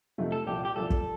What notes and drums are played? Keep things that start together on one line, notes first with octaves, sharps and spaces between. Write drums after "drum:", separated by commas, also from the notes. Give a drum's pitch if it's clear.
F2 C3 F3 A3 D#4
A4
C2 A#2 F3 G4
G4
C2 A#2 F3 A4
drum: kick